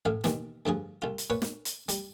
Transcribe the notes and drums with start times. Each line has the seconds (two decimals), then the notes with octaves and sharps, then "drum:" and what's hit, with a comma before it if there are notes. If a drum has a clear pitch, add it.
0.05 A1 A2 F5
0.24 D#2 B2 E3 C4, drum: snare
0.66 D2 G2 F3 G#4
1.02 C2 F4
1.18 drum: hi-hat
1.30 A#2 B4 C#5
1.42 drum: snare
1.65 drum: hi-hat
1.89 G3, drum: hi-hat